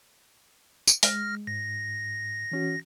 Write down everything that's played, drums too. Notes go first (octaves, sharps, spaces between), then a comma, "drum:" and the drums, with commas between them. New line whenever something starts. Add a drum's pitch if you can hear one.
drum: tambourine
G#3 F6 A#6, drum: open hi-hat
G#2 A#6
E3 C#4 F#4